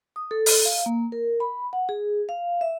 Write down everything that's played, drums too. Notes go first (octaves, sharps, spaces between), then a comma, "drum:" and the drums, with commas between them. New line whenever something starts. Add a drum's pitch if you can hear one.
D#6
A4
drum: open hi-hat
F5
A#3
A#4
B5
F#5
G#4
F5
E5